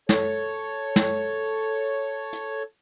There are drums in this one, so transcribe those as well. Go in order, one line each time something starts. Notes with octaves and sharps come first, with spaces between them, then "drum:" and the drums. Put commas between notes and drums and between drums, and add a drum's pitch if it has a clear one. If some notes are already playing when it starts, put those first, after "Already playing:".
A4 C#5, drum: snare
drum: snare
drum: hi-hat